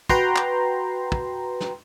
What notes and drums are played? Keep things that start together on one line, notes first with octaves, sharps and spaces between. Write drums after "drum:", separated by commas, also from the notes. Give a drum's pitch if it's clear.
F#4 B4 G5 A#5 C6, drum: kick
drum: clap
drum: kick
drum: snare